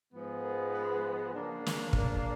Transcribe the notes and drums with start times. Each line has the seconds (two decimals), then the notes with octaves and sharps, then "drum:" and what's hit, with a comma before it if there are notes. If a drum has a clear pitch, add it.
0.12 G#2 F3 G#3 B3
0.43 A#4
0.73 B4
1.33 C#3 F3 A#3 D4
1.66 drum: snare
1.93 A#4, drum: kick